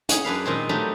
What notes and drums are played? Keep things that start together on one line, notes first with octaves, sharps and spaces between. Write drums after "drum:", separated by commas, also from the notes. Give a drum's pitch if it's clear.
C#4 G#4, drum: hi-hat
F#2 D4 B4 F5
A#2 D#3 G#3 C4
F#3 G3 A3 D4 D#4